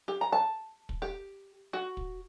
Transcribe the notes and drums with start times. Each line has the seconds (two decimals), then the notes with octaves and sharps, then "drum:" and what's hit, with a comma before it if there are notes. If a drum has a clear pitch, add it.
0.08 G4
0.21 A#5
0.32 A5
0.89 drum: kick
1.02 G4
1.73 F#4
1.97 drum: kick